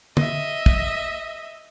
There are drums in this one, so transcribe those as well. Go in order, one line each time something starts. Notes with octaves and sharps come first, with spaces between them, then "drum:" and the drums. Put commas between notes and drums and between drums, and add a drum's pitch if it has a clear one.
D#5 E5, drum: tom
drum: kick